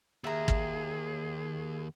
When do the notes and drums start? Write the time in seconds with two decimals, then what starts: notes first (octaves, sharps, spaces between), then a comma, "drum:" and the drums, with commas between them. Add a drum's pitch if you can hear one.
0.24 D#2 G#4 E5 A#5
0.48 drum: kick